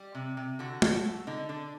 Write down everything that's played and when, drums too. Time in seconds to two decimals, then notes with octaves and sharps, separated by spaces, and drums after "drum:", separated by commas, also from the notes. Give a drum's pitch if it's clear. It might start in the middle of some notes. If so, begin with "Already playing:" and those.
Already playing: G3 G4
0.15 C3
0.37 C3
0.59 D3 F#4
0.82 A3, drum: tom
1.04 A3
1.27 D3 D#4
1.49 D3 D4